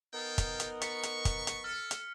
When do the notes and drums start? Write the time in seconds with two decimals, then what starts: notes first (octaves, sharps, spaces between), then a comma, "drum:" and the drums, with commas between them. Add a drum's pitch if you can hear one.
0.14 B3 D#4 A4 A#4 F5 G5
0.38 drum: kick, hi-hat
0.60 drum: hi-hat
0.82 C#6 A6 B6 C#7, drum: hi-hat
1.03 drum: hi-hat
1.25 drum: kick, hi-hat
1.47 drum: hi-hat
1.64 A4 F6
1.91 drum: hi-hat